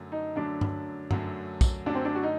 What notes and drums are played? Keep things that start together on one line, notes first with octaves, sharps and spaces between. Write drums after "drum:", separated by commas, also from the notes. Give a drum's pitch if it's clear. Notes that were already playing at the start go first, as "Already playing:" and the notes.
Already playing: F#2 D3 F#3 A3
D#4
F#2 D3 F#3 A3 D4
drum: tom G2
F#2 D3 F#3 A3, drum: tom G2
drum: kick, tambourine
F#2 D3 F#3 A3 D4
C4
D4
F#4
D#4